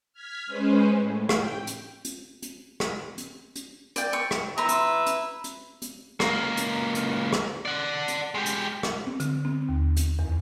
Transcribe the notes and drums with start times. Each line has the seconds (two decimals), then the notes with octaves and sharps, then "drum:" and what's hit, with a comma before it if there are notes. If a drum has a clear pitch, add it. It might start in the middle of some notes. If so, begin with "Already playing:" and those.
0.13 F6 G#6 B6
0.46 G#3 C#4 G#4 B4 C5
0.97 A2
1.29 G5, drum: rim click
1.67 drum: hi-hat
2.05 drum: hi-hat
2.42 drum: hi-hat
2.80 drum: rim click
3.18 drum: hi-hat
3.56 drum: hi-hat
3.96 D5 G5, drum: hi-hat
4.13 C#6
4.31 drum: rim click
4.58 B4 E5 A#5 C6
4.69 drum: hi-hat
5.06 drum: hi-hat
5.44 drum: hi-hat
5.82 drum: hi-hat
6.20 C#2 A#3, drum: rim click
6.57 drum: hi-hat
6.95 drum: hi-hat
7.33 drum: rim click
7.65 D5 F#5
8.08 drum: hi-hat
8.35 G#3 G4
8.46 drum: hi-hat
8.83 drum: rim click
9.07 C4
9.20 D3, drum: hi-hat
9.45 C4
9.69 D#2
9.96 drum: hi-hat
10.19 E2